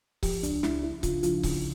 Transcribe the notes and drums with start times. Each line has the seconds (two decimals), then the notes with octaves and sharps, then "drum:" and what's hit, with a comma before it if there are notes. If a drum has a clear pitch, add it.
0.23 F3 G4, drum: kick C#1, open hi-hat
0.43 C#2 D4, drum: hi-hat
0.63 C#2 E4, drum: snare
0.83 C#2 E4
1.03 C#3 F4, drum: kick C#1, hi-hat
1.23 F3 F4, drum: hi-hat
1.43 C#3, drum: kick C#1, open hi-hat